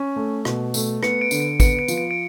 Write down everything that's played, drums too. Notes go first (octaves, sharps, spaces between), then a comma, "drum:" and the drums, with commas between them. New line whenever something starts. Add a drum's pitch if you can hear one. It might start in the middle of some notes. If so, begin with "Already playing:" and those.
Already playing: C#4
A3
B2, drum: rim click
A3, drum: tambourine
B3 C#7, drum: rim click
D7
D3, drum: tambourine
D7
B3 C#7, drum: kick, tambourine
D7
F3, drum: tambourine
D7
D7